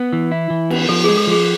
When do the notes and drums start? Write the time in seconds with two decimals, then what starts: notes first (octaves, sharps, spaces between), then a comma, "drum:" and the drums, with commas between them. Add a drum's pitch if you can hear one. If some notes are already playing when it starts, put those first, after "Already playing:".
Already playing: B3
0.13 E3
0.32 E4
0.50 E3
0.70 B3, drum: cymbal
0.89 F3 A4
1.04 G#3 G#4
1.17 A4
1.27 F3 G#4